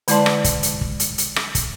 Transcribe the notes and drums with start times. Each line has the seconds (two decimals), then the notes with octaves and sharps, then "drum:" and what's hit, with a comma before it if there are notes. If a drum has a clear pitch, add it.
0.08 D3 G#3 E4 D5 A5 C6, drum: hi-hat
0.26 drum: rim click
0.44 drum: kick, hi-hat
0.63 drum: hi-hat
0.81 drum: kick
1.00 drum: hi-hat
1.18 drum: hi-hat
1.36 drum: rim click
1.55 drum: kick, hi-hat